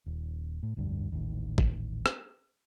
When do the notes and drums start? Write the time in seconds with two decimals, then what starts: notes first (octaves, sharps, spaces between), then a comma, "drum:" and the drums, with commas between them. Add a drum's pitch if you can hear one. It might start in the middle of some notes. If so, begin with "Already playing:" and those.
0.06 D#1
0.63 A2
0.76 F1 D2 G2
1.12 D#1 A1 D#2
1.58 drum: kick
2.06 drum: rim click